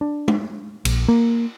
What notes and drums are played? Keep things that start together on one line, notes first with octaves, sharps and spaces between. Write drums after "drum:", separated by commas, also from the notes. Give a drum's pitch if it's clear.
D4
drum: tom G#3
A#1, drum: cymbal
A#3